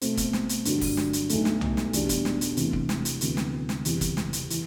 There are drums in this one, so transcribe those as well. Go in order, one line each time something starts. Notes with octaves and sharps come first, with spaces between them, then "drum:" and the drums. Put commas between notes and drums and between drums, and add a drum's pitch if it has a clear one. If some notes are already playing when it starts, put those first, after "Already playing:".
B2 A3 C4, drum: hi-hat
drum: kick, hi-hat
drum: snare
drum: hi-hat
G2 D3 F#3, drum: hi-hat
drum: kick, open hi-hat
drum: snare
drum: hi-hat
B1 B2 A3, drum: hi-hat
drum: snare
drum: tom B1
drum: snare
E2 B2 G3 D4, drum: hi-hat
drum: kick, hi-hat
drum: snare
drum: hi-hat
E2 C3 E3 A3, drum: hi-hat
drum: kick
drum: snare
drum: hi-hat
D2 C3 E3 B3 F#4, drum: hi-hat
drum: snare
drum: snare
F#1 E2 C3 E3 G3, drum: hi-hat
drum: kick, hi-hat
drum: snare
drum: hi-hat
E3, drum: hi-hat